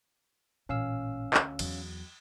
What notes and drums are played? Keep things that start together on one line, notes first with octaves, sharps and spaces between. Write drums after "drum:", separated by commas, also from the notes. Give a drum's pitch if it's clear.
A1 A#2 C#4 F5 E6
D2, drum: clap
E2 F#3, drum: cymbal